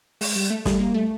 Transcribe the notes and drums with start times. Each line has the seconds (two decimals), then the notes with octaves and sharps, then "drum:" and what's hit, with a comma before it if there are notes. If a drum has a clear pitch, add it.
0.21 G#3, drum: open hi-hat
0.36 G3
0.50 A3
0.65 G3 A3, drum: snare
0.80 A#3
0.94 A3